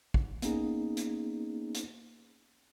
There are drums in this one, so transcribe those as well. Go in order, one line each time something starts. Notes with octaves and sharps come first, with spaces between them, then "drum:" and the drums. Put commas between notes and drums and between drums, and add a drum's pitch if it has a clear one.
drum: kick
A#3 B3 C#4 D#4 G#4, drum: hi-hat
drum: hi-hat
drum: hi-hat